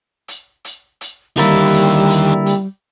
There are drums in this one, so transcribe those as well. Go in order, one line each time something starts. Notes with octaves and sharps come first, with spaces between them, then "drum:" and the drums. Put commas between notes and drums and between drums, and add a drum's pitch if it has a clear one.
drum: hi-hat
drum: hi-hat
drum: hi-hat
D3 D#3 G3 A#3 E4 G4, drum: hi-hat
drum: hi-hat
drum: hi-hat
drum: hi-hat